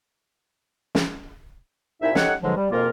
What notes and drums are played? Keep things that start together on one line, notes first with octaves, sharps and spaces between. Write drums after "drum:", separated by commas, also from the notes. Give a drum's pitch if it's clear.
drum: snare
C2 A#2 D#4 E4 E5
D#4 G4 A4 C#5 F#5, drum: snare
G#2 B2 D3 F3 F#3 G#3
G3
F2 G#2 B2 A#3 F4 A#4